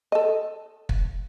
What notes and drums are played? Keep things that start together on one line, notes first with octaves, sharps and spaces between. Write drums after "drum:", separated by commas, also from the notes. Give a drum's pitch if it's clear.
A4 D#5
drum: kick